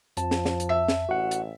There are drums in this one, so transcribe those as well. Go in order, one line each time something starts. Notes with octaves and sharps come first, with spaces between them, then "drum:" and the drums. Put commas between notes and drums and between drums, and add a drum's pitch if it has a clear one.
F2 F3 A5, drum: hi-hat
drum: snare
drum: snare
drum: hi-hat
E5
drum: snare
A1 F#4 F#5
drum: hi-hat